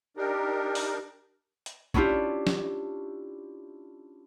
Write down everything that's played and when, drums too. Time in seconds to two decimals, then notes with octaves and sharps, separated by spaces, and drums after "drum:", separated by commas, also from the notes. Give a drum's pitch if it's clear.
0.17 D4 D#4 G4 A#4
0.75 drum: open hi-hat
1.66 drum: hi-hat
1.94 C#4 D4 E4 F4 G4, drum: kick
2.47 drum: snare